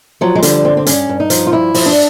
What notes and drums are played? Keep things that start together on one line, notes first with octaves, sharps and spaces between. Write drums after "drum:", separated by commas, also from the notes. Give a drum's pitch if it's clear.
F3 F#3
G#3
D3 G3, drum: hi-hat
G2 C4
C4
G2 C#4, drum: hi-hat
G2
D#4
F3, drum: hi-hat
F4
G2 E4
F3, drum: open hi-hat
D4